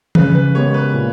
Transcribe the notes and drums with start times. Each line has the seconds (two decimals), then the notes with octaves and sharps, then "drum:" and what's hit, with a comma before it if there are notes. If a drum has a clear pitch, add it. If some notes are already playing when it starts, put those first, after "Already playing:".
0.15 C#3 B4, drum: tom
0.35 B4
0.55 G#3 B3 G4 A#4 C#5
0.74 B4
0.94 A#2